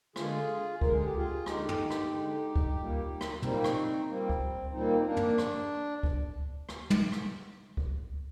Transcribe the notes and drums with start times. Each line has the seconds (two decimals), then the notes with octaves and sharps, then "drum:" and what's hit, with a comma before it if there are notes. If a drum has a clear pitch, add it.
0.16 D3 G#3 F4 G#4, drum: rim click
0.81 D3 G#3 A#4, drum: kick C#2
0.93 G#4
1.04 G4
1.16 F4 G#4
1.46 D3 G#3 D#4 G4, drum: rim click
1.69 drum: tom
1.90 drum: rim click
2.12 D3 G#3
2.56 drum: kick C#2
2.77 A#2 G3 A#3
3.21 drum: rim click
3.42 A#2 G3 A#3 C4 D#4, drum: tom
3.64 drum: rim click
4.07 A#2 G3 A#3 C4
4.29 drum: kick C#2
4.73 A#2 G3 A#3 C4 D#4
5.00 C4
5.06 A#3 D4
5.16 drum: tom
5.38 drum: rim click
6.03 drum: kick C#2
6.69 drum: rim click
6.90 drum: tom
7.12 drum: rim click
7.77 drum: kick C#2